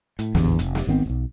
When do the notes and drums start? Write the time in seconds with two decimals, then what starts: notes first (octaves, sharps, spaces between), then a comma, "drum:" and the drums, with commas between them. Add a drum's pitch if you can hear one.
0.19 A2, drum: hi-hat
0.35 D#1 A1 E2 D3, drum: snare
0.59 F1, drum: hi-hat
0.75 drum: snare
0.87 G#1 D#3 B3 C4
1.06 D1 B1